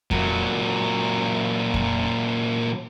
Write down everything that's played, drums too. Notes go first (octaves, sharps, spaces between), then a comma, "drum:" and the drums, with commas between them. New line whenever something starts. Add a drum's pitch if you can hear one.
A#2 F#3, drum: kick F2
drum: kick F2